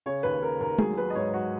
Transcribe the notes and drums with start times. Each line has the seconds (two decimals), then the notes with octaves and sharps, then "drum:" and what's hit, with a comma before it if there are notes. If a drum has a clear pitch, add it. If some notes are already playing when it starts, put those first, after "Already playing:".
0.06 C#3 C#5
0.23 D#2 B4
0.41 C#3 A#4
0.60 D#2 A#4
0.79 F#3 G#4, drum: tom G#3
0.97 F#3 B4
1.10 D#5
1.15 G#2 C#5
1.33 F#3 F#4